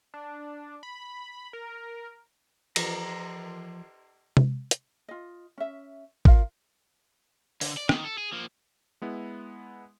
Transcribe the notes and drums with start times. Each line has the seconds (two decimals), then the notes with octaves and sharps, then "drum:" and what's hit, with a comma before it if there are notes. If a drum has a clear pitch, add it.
0.14 D4
0.83 B5
1.53 A#4
2.76 E3 F3 F4 A#4 A#5, drum: cymbal
4.37 drum: tom C3
4.71 drum: hi-hat
5.08 F4 D#5
5.58 C#4 E5
6.25 F4 A#4 F5, drum: kick
7.61 D3, drum: open hi-hat
7.77 D5
7.89 D#3, drum: rim click
8.04 A4
8.18 G#4
8.33 F3 A#3
9.02 G#3 B3 E4